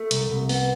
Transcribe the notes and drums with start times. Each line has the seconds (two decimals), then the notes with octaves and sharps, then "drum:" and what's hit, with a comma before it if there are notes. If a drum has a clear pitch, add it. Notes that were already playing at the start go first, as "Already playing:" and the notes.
Already playing: A3
0.11 C2, drum: hi-hat
0.30 C2
0.49 B3, drum: open hi-hat